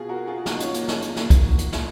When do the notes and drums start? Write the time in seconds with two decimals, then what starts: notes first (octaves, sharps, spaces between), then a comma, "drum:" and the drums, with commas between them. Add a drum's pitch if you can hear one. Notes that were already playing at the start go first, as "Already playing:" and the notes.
Already playing: B2 F4 G#4
0.09 F#4 A#4
0.27 F4 G#4
0.38 G#4
0.46 B2 D#4 F#4, drum: snare
0.60 C#4 F4, drum: hi-hat
0.74 A#3 C#4, drum: hi-hat
0.88 drum: snare
1.02 drum: hi-hat
1.16 drum: snare
1.30 drum: kick, hi-hat
1.58 drum: hi-hat
1.72 drum: snare